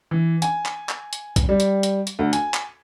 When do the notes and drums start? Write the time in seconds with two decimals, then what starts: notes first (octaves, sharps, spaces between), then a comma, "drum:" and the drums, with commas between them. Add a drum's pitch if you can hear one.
0.11 E3
0.42 G#5, drum: hi-hat
0.66 drum: clap
0.89 drum: clap
1.13 drum: hi-hat
1.36 drum: kick, hi-hat
1.49 G3
1.60 drum: hi-hat
1.83 drum: hi-hat
2.07 drum: hi-hat
2.19 D2
2.33 G#5, drum: hi-hat
2.54 drum: clap